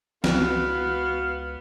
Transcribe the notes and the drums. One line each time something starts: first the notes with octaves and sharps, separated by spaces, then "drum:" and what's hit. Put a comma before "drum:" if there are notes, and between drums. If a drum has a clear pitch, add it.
C#2 B3 F#4 F5, drum: snare